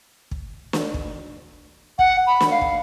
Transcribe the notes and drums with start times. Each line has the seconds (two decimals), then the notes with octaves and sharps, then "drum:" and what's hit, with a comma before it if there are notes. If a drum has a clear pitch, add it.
0.31 drum: kick
0.73 drum: snare
0.94 drum: kick
1.99 F#5, drum: kick
2.27 B5
2.41 drum: snare
2.51 F5
2.61 drum: kick